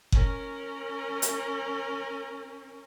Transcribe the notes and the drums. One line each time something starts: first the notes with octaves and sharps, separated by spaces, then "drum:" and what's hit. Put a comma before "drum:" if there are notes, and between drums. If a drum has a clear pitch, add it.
C#4 A#4, drum: kick F#1
drum: hi-hat